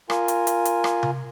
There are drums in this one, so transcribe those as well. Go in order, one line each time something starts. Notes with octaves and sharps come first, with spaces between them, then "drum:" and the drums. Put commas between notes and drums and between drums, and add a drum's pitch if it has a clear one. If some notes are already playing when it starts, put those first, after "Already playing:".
F4 A#4 G#5, drum: rim click
drum: hi-hat
drum: hi-hat
drum: hi-hat
drum: rim click
drum: tom C3